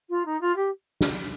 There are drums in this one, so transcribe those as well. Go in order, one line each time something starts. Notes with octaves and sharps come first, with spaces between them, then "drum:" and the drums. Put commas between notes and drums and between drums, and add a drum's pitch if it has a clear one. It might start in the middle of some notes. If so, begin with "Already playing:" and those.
F4
D#4
F4
G4
drum: snare